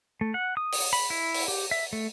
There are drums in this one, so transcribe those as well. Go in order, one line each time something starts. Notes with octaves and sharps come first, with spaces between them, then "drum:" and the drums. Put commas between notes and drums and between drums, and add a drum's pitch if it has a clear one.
A3
F#5
D#6
drum: open hi-hat
B5
E4
drum: open hi-hat
G4
E5
A3